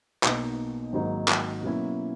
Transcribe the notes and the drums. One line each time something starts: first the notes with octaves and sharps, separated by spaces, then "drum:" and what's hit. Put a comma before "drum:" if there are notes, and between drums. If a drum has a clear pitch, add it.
B1 B2 A#3 D#4, drum: clap
G#1 G#2 F#3 A#3 D#4
drum: clap
B2 F#3 A#3 C#4 E4